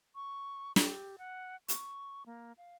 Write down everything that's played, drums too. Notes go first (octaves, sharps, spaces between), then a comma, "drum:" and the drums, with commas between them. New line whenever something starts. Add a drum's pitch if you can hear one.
C#6
G4, drum: snare
F#5
C#6, drum: hi-hat
A#3
F5